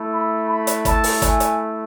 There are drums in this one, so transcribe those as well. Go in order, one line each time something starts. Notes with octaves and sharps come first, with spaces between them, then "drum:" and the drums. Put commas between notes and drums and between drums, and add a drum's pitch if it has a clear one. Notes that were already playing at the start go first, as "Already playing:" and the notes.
Already playing: A3 E4
B5
B5
drum: hi-hat
A5, drum: kick, hi-hat
drum: open hi-hat
G#5, drum: kick, hi-hat
drum: hi-hat